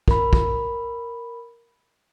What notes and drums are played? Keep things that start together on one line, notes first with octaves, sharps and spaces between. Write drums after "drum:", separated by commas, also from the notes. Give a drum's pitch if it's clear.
A#4 B5, drum: kick
drum: kick